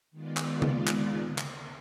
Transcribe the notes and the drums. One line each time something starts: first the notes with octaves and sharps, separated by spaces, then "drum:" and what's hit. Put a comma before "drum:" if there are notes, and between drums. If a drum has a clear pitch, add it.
D#3 G#3 B3 F4 D5
drum: clap
drum: tom C#3
drum: clap
drum: clap